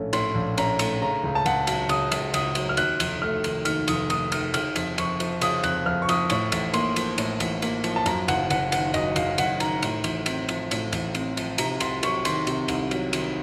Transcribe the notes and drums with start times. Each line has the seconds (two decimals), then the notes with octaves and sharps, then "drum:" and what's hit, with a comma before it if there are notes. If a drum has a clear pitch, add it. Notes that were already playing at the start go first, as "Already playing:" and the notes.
Already playing: A#1 A2 A3 C#4
0.13 A2 C6, drum: cymbal
0.35 A#1
0.58 C#4 A#5, drum: cymbal
0.79 A3, drum: cymbal
1.01 C#3 A#5
1.24 C#2
1.35 A5
1.46 C#2 F#5, drum: cymbal
1.67 F#3, drum: cymbal
1.89 C#3 D#6, drum: cymbal
2.12 C#2, drum: cymbal
2.34 C#2 D#6, drum: cymbal
2.55 F#3, drum: cymbal
2.69 F6
2.77 D#2 F#6, drum: cymbal
3.00 F1, drum: cymbal
3.22 A3 F6
3.44 D#3, drum: cymbal
3.65 D#2 F6, drum: cymbal
3.88 F1 D#6, drum: cymbal
4.10 A3 D#6, drum: cymbal
4.32 D#3 F6, drum: cymbal
4.54 C#3 F6, drum: cymbal
4.76 F2, drum: cymbal
4.98 F2 C#6, drum: cymbal
5.20 F3, drum: cymbal
5.41 C#3 D#6, drum: cymbal
5.64 F2 F#6, drum: cymbal
5.86 F2 F6
6.02 C#6
6.09 F3 D#6, drum: cymbal
6.30 A2 C#6, drum: cymbal
6.52 A1, drum: cymbal
6.74 A#3 C6, drum: cymbal
6.96 F3, drum: cymbal
7.18 A2, drum: cymbal
7.40 A1, drum: cymbal
7.62 A#3, drum: cymbal
7.84 F3, drum: cymbal
7.96 A5
8.06 F#2 A#5, drum: cymbal
8.28 F#1 F#5, drum: cymbal
8.50 F#1 F#5, drum: cymbal
8.72 D#3 F#5, drum: cymbal
8.94 F#2 D#5, drum: cymbal
9.16 F#1 F5, drum: cymbal
9.38 F#1 F#5, drum: cymbal
9.60 D#3 A#5, drum: cymbal
9.83 A2, drum: cymbal
10.04 A1, drum: cymbal
10.26 C4, drum: cymbal
10.49 F3, drum: cymbal
10.71 A2, drum: cymbal
10.93 A1, drum: cymbal
11.15 C4, drum: cymbal
11.37 F3, drum: cymbal
11.58 C3 A#5, drum: cymbal
11.80 C2 C6, drum: cymbal
12.03 F#3 C#6, drum: cymbal
12.25 D#3 C6, drum: cymbal
12.47 C3, drum: cymbal
12.68 C2, drum: cymbal
12.91 F#3, drum: cymbal
13.13 D#3, drum: cymbal